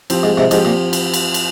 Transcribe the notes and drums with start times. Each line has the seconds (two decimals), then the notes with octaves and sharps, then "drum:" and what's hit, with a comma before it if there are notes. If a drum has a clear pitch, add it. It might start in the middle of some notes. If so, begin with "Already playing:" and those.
0.10 F3 C4 G4, drum: cymbal
0.23 G#2
0.37 G#2 C3
0.51 G#2 F3 C4 G4, drum: cymbal
0.65 A#2
0.93 drum: cymbal
1.14 drum: cymbal
1.34 drum: cymbal